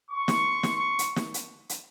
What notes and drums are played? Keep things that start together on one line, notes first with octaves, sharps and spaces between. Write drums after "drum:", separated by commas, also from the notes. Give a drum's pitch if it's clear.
C6 C#6
drum: snare
drum: snare
drum: hi-hat
drum: snare
drum: hi-hat
drum: hi-hat